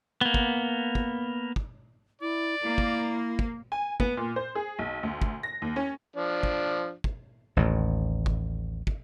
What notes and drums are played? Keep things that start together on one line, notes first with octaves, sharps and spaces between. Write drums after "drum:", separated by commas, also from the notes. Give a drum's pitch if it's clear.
A#3 B3
drum: kick
drum: kick
drum: kick
E4 D5
A#3 E4
drum: kick
drum: kick
G#5
B3, drum: kick
A#2
C5
G#4
B1
D2
drum: kick
A#6
D#2
C#4
F3 D4
drum: kick
drum: kick
A1 D#2 A2
drum: kick
drum: kick